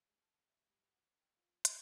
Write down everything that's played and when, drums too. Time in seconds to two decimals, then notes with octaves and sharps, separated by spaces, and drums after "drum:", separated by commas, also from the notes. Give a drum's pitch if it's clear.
0.08 G#3
0.21 A5
0.49 E5
0.69 G2
0.92 F#5
1.20 G5
1.36 F4
1.65 B3, drum: hi-hat